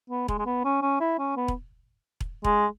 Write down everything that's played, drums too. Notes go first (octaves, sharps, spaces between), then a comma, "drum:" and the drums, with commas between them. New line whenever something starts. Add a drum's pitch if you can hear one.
B3
G#3, drum: kick E1
G#3
B3
C#4
C#4
E4
C#4
B3
drum: kick E1
drum: kick E1
G#3, drum: kick E1